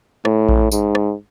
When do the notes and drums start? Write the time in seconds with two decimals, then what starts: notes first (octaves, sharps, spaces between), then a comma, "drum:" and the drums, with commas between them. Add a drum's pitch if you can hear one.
0.25 A2, drum: rim click
0.49 drum: kick A#1
0.72 G#2, drum: tambourine
0.95 drum: rim click